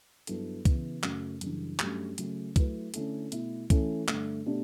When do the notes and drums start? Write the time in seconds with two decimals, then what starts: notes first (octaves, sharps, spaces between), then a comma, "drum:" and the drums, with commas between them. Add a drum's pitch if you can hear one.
0.27 G2 F#3 B3 E4 A4, drum: hi-hat
0.65 C#3 E3 B3 E4, drum: kick C2, hi-hat
1.03 F#2 C#3 F#3 A3 C#4, drum: clap
1.41 F#2 C#3 E3 G3 D4, drum: hi-hat
1.79 G2 F#3 A3 C#4 G4, drum: clap
2.18 C#3 F#3 A3 C#4, drum: hi-hat
2.56 F#3 A3 E4 B4, drum: kick C2, hi-hat
2.94 D3 A3 C#4 E4 A4, drum: hi-hat
3.32 B2 A3 E4, drum: hi-hat
3.70 E3 A3 C#4 E4 A4, drum: kick C2, hi-hat
4.08 G2 D3 A3, drum: clap
4.46 B2 A3 D4 G4